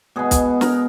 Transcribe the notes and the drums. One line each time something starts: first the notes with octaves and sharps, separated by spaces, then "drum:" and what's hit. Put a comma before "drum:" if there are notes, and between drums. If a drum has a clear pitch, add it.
B2 G#3 B3 G#4
drum: kick, hi-hat
A#4, drum: snare